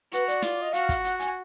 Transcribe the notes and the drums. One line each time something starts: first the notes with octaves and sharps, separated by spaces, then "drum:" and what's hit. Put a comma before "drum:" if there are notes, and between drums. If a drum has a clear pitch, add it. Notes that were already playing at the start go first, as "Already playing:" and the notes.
F#4 B4, drum: hi-hat
D5, drum: hi-hat
F4, drum: snare
D#5
F#4 F5, drum: hi-hat
drum: kick, hi-hat
F#5, drum: hi-hat
G#5, drum: hi-hat